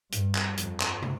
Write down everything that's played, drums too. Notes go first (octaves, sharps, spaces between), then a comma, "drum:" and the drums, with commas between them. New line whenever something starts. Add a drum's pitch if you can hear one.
G2, drum: hi-hat
drum: clap
F2, drum: hi-hat
drum: clap
drum: tom